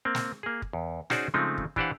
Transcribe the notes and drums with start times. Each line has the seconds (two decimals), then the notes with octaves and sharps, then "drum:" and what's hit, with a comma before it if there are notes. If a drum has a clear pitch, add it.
0.05 A#3 C4
0.15 drum: snare
0.43 A#3 G#4
0.62 drum: kick
0.73 E2
1.10 C#4 D#4 F#4 G#4 C5 D5, drum: snare
1.34 C#3 F3 G#3 A3 C4 D#4
1.58 drum: kick
1.76 E3 D4 G4 C5 F5 F#5, drum: kick